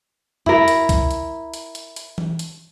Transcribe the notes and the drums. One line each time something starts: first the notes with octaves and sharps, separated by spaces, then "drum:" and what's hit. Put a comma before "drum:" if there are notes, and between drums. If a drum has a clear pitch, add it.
E4 A#4, drum: tom E2
drum: hi-hat
drum: kick C2, hi-hat
drum: hi-hat
drum: hi-hat
drum: hi-hat
drum: hi-hat
drum: tom E3
drum: hi-hat